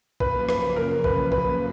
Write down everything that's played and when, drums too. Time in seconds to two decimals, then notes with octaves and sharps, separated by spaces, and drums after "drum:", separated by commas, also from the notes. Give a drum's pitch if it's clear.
0.20 F#2 C#3 F3 A#3 B4, drum: kick A#1
0.49 B4, drum: rim click
0.76 A#4
1.04 B4, drum: kick A#1
1.32 B4, drum: kick A#1